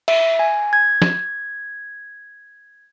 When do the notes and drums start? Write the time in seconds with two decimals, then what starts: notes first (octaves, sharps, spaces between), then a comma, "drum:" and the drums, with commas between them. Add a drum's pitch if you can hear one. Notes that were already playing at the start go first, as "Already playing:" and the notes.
0.08 E5, drum: cymbal
0.39 G#5
0.73 G#6
1.02 drum: snare